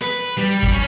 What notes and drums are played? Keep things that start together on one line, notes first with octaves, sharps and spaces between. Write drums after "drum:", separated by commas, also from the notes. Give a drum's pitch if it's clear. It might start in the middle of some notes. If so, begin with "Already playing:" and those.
B4
G3
drum: kick G1
C#4